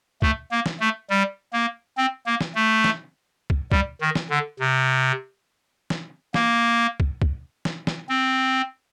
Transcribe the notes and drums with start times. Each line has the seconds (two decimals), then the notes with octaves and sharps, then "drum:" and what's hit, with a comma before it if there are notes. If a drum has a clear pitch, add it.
0.22 A3, drum: kick
0.51 A#3
0.66 drum: snare
0.80 A3
1.10 G3
1.53 A#3
1.97 C4
2.26 A#3
2.41 drum: snare
2.55 A3
2.84 drum: snare
3.50 drum: kick
3.72 G3, drum: kick
4.01 D#3
4.15 drum: snare
4.30 D3
4.60 C3
5.90 drum: snare
6.34 A#3, drum: snare
7.00 drum: kick
7.22 drum: kick
7.65 drum: snare
7.87 drum: snare
8.09 C4